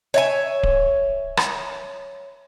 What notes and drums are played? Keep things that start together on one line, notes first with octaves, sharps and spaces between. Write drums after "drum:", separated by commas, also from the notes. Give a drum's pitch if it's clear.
C#5 E5 G#5
drum: kick D1
drum: rim click